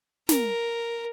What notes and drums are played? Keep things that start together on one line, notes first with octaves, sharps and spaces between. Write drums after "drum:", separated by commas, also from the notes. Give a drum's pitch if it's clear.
A#4, drum: snare